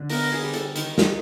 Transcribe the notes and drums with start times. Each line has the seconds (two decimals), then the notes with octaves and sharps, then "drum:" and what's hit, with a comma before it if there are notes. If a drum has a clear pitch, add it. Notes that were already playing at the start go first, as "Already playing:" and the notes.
Already playing: D3
0.10 B3 A#4, drum: open hi-hat
0.32 G#4
0.42 G3
0.54 A4, drum: hi-hat
0.76 D#3, drum: hi-hat
0.98 drum: snare